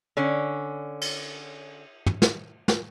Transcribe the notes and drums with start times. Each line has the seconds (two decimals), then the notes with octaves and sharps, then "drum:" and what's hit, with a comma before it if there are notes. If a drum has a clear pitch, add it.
0.17 D3 C#4
1.01 drum: cymbal
2.06 drum: tom
2.22 drum: snare
2.68 drum: snare